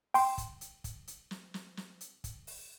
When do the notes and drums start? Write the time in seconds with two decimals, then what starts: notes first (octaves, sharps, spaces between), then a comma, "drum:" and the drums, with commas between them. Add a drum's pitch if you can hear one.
0.14 G5 C6, drum: open hi-hat
0.38 drum: kick, hi-hat
0.61 drum: hi-hat
0.84 drum: kick, hi-hat
1.07 drum: hi-hat
1.31 drum: snare
1.54 drum: snare
1.77 drum: snare
2.01 drum: hi-hat
2.24 drum: kick, hi-hat
2.47 drum: open hi-hat